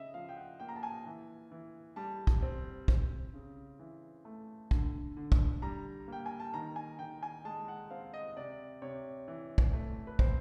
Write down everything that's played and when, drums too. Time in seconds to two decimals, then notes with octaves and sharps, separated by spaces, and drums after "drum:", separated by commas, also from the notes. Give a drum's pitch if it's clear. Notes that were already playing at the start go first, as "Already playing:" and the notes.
Already playing: C#3 D#5 E5
0.14 F3 F5
0.29 G5
0.37 F#5
0.60 A#3 G5
0.69 A#5
0.76 A5
0.83 G#5
1.06 E3
1.51 E3
1.96 G3 A5
2.27 drum: kick
2.43 C4
2.88 C4, drum: kick
3.34 C#3
3.79 E3
4.25 A3
4.71 D3, drum: kick
5.17 D3
5.32 drum: kick
5.62 G3 A#5
6.08 A#3 G5
6.26 G#5
6.40 A5
6.54 D#3 A#5
6.76 G#5
6.99 D#3 G5
7.23 G#5
7.45 G#3 A5
7.68 F#5
7.90 C4 F5
8.14 D#5
8.36 C3 D5
8.82 C3 C#5
9.28 E3
9.58 drum: kick
9.73 A3
10.07 B4
10.19 C4 C5, drum: kick